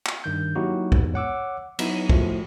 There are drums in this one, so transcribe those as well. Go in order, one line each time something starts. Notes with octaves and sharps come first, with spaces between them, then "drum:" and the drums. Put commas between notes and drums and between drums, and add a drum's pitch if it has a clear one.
drum: clap
G2 D#3 G6
F#3 A#3 D#4 E4 F#4 G4
E2 G#2, drum: kick
C#5 F#5 D6 E6
F#3 B3 D#4 E4, drum: cymbal
F3 G#3 A3 E4 F#4, drum: kick